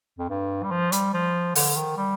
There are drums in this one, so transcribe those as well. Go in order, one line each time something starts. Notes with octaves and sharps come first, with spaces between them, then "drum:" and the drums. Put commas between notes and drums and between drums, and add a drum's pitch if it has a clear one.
F2
G2
G3
F3
G3, drum: hi-hat
F3
D3, drum: open hi-hat
D#3
G3